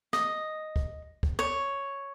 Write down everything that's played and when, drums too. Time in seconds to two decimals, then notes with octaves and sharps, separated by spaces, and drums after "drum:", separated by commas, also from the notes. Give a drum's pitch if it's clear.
0.13 D#5, drum: snare
0.76 drum: kick
1.23 drum: kick
1.39 C#5